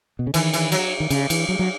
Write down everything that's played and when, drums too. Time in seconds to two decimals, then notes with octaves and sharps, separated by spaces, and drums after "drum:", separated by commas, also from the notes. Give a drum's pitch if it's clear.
0.19 B2
0.27 C#3
0.34 D#3 E3, drum: cymbal
0.53 E3, drum: cymbal
0.72 F#3, drum: cymbal
1.00 D#3
1.10 C#3, drum: cymbal
1.30 E3, drum: cymbal
1.49 F#3
1.59 F#3